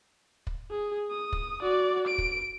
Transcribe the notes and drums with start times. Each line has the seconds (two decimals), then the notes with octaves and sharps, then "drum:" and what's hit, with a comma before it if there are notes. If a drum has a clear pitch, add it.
0.47 drum: kick
0.71 G#4
1.11 D#6
1.33 drum: kick
1.62 F#4 D5
2.07 D7
2.18 drum: kick